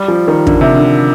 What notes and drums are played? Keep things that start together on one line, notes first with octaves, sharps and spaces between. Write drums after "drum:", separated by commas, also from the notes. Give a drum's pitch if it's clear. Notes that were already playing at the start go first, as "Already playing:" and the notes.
Already playing: G3
F3
D#3
D3, drum: kick
C3
D3